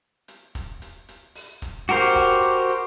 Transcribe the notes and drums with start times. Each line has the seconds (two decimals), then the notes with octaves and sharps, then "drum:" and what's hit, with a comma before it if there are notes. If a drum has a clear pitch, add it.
0.28 drum: hi-hat
0.55 drum: kick, hi-hat
0.82 drum: hi-hat
1.09 drum: hi-hat
1.35 drum: open hi-hat
1.62 drum: kick, hi-hat
1.89 F#4 G4 A#4 C5, drum: hi-hat
2.16 drum: kick, hi-hat
2.42 drum: hi-hat
2.69 drum: hi-hat